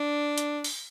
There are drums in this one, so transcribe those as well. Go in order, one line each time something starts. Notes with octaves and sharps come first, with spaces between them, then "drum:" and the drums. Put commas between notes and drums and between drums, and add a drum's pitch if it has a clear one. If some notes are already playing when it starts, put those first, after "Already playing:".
Already playing: D4
drum: hi-hat
drum: open hi-hat